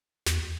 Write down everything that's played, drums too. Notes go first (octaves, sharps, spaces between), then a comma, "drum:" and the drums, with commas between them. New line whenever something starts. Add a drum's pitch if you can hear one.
E2, drum: snare